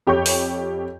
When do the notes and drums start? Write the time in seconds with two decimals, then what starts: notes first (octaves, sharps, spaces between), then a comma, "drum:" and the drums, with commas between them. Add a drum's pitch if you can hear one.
0.07 F2 G4 C#5 C#6 G6
0.26 drum: open hi-hat